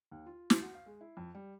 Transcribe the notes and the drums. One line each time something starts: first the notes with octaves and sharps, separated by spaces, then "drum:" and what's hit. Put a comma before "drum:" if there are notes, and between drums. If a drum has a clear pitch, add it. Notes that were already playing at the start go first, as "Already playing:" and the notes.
D#2
F4
C7, drum: snare
F#4
F5
G#3
E4
F2
G3